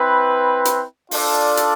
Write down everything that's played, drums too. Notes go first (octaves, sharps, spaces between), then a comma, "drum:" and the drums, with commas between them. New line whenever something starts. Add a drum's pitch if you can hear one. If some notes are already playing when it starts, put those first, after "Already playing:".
Already playing: C4 E4 B4
drum: hi-hat
D4 F4 A4 D5, drum: open hi-hat
drum: hi-hat